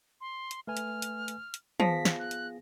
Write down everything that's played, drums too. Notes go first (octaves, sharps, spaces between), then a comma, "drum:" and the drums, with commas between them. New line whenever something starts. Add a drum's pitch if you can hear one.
C6
drum: hi-hat
A3 B4 G#5 F6
drum: hi-hat
drum: hi-hat
drum: hi-hat
drum: hi-hat
F3 B3 G#4 A#6 B6, drum: tom
drum: snare
F#6
drum: hi-hat